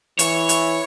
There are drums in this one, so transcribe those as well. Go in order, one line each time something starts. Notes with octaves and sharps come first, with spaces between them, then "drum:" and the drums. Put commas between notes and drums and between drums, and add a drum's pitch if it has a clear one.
E3 C#5, drum: hi-hat
drum: hi-hat